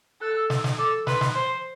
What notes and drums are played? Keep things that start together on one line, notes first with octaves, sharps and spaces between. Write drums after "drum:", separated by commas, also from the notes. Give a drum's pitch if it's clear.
A4 F#6
E6
drum: snare
drum: snare
A4 D6
B4 C6, drum: snare
drum: snare
C5